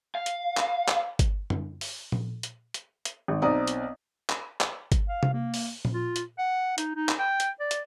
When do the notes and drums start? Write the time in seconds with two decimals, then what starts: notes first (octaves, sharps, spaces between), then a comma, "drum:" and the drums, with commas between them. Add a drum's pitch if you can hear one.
0.15 F5
0.26 drum: hi-hat
0.57 drum: clap
0.88 drum: clap
1.19 drum: kick G1, hi-hat
1.50 drum: tom F#2
1.81 drum: open hi-hat
2.12 drum: tom A#2
2.43 drum: hi-hat
2.74 drum: hi-hat
3.05 drum: hi-hat
3.28 G#1
3.42 B1 C4 D5 A#5 D#6
3.67 drum: hi-hat
4.30 drum: clap
4.61 drum: clap
4.92 drum: kick G1, hi-hat
5.09 F5
5.23 drum: tom C3
5.33 A#3
5.54 drum: open hi-hat
5.85 drum: tom A#2
5.94 F4
6.16 drum: hi-hat
6.38 F#5
6.78 D#4, drum: hi-hat
6.96 D#4
7.09 drum: clap
7.19 G5
7.40 drum: hi-hat
7.60 D5
7.71 drum: hi-hat